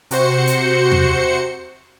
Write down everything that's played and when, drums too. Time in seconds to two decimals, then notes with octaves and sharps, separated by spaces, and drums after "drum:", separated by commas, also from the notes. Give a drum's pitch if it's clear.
0.11 C3 F#4 C5 C#7, drum: hi-hat
0.47 drum: hi-hat
0.91 drum: tom